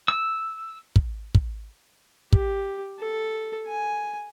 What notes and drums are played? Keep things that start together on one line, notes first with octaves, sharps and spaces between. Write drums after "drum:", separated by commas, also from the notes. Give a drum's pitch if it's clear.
E6
drum: kick
drum: kick
G4, drum: kick
A4
G#5